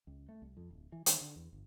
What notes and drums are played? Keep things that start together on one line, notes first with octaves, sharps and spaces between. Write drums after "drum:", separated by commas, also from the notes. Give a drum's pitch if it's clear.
C#2
A3
C2
F2
D1
E3
D#3, drum: hi-hat
D3
E2
G1